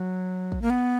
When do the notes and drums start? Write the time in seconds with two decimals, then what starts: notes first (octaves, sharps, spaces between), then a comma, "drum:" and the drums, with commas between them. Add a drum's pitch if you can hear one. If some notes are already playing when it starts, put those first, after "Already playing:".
Already playing: F#3
0.52 drum: kick
0.62 A#3
0.70 B3